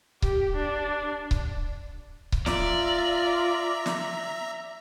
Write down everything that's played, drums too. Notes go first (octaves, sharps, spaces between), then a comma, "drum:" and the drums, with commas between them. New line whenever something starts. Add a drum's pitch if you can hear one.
G4, drum: kick C#1
D4
drum: kick C#1
drum: kick C#1
F4 D5 E5 A#5, drum: snare
drum: snare